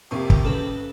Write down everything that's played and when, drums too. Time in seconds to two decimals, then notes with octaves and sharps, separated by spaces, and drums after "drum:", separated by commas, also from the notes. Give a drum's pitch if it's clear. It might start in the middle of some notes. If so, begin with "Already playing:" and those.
0.11 F2 C3 A#3 G4 C#6 D6
0.30 drum: kick
0.44 C#3 A4 B4